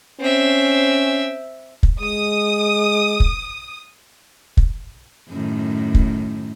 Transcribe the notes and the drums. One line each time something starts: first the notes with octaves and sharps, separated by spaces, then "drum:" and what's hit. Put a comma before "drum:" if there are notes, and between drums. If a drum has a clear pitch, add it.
C4 C#4 E5
drum: kick
G#3 D#6
drum: kick
drum: kick
F#2 A2 D#3
drum: kick